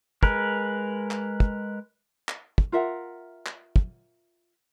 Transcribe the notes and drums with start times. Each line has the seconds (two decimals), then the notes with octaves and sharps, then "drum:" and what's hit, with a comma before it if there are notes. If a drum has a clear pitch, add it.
0.23 G#3 A#4 B4, drum: kick
1.11 drum: clap
1.40 drum: kick
2.29 drum: clap
2.58 drum: kick
2.72 F4 A#4 E5 F#5
3.46 drum: clap
3.76 drum: kick